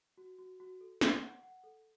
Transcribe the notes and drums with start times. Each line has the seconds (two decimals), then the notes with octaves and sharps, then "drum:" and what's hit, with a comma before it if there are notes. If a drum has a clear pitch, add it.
0.17 F#4
0.39 F#4
0.60 F#4
0.81 A4
1.01 A4, drum: snare
1.22 F#5
1.43 F#5
1.64 A4